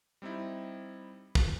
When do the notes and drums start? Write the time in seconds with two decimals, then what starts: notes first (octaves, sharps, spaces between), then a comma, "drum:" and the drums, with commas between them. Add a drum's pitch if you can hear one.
0.22 G3 C4 D#4 E4
1.35 drum: kick